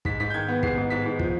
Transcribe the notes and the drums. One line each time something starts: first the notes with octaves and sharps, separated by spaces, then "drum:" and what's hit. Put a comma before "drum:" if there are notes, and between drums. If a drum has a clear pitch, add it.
G#2 B6, drum: kick
G#2 B6
G6
D#3 G#6
B3
G#2 C7, drum: kick
G#2
G#2 B6
G#2
F3, drum: kick